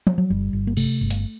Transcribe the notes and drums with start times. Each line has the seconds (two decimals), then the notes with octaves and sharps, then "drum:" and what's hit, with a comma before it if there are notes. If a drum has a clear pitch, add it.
0.07 drum: tom F3
0.18 F#3
0.30 G1 G3
0.53 G1
0.67 A#3
0.77 C3 A3, drum: cymbal
1.01 G1
1.10 drum: hi-hat